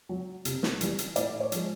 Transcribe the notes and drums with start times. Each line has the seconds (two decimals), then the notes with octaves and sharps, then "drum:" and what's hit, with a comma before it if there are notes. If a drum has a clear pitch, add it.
0.09 F#3
0.45 C3, drum: hi-hat
0.63 drum: snare
0.81 E3 G3, drum: hi-hat
0.99 drum: hi-hat
1.16 A2 D5, drum: hi-hat
1.40 C#5
1.52 F3 G#3, drum: hi-hat